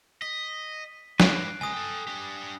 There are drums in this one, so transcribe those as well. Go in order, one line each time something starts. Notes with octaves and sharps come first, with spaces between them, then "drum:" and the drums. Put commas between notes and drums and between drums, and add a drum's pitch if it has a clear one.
D#5 B6
D4 B4 F#6 C7 D7, drum: snare
C#2 G#3 G#5 D#6
A4 G5
D4 G4